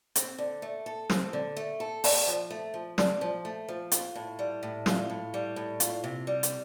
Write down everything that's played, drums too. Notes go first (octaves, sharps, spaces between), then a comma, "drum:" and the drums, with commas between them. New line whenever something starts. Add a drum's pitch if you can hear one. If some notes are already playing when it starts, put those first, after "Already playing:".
C4, drum: hi-hat
D3
A3
A4
C4, drum: snare
D3
A3
A4
D4, drum: open hi-hat
F3
A3
F3
D4, drum: snare
F3
A3
F3
F4, drum: hi-hat
A2
G3
A2
F4, drum: snare
A2
G3
A2
F4, drum: hi-hat
C3
G3
drum: hi-hat